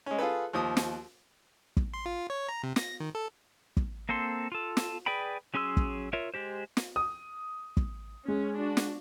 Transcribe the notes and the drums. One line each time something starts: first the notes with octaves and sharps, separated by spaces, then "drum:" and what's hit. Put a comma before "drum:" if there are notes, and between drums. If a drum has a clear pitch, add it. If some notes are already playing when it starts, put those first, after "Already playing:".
G#3 C#4
F4 G#4 A4 B4
D#2 F3 D#6
drum: snare
drum: kick
C6
F4
C#5
A#5
C3
A#6, drum: snare
D#3
A4
drum: kick
A#3 C4 A4 C6
F4 A4
drum: snare
G#4 B4 D5 G5 B5
F#3 C#4 G#4 C6 E6
drum: kick
F4 A#4 C#5 E5
G#3 G4 C5
drum: snare
D#6
drum: kick
G#3 C#4
D4 F#4
drum: snare